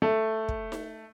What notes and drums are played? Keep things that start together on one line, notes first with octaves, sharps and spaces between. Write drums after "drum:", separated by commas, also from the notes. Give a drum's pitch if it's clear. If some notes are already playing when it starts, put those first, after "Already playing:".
A3
drum: kick
drum: snare D#4